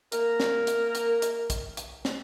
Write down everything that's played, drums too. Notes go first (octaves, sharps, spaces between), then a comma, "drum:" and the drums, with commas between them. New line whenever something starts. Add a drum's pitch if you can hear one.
A#3 A#4, drum: hi-hat
drum: snare
drum: hi-hat
drum: hi-hat
drum: hi-hat
drum: kick, hi-hat
drum: hi-hat
drum: snare